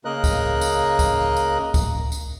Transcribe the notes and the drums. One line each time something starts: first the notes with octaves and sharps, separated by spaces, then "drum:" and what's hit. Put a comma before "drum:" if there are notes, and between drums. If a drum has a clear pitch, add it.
C#3 A#3 A#4 D#5 F#6
drum: kick, tambourine
drum: tambourine
drum: kick, tambourine
drum: tambourine
drum: kick, tambourine
drum: tambourine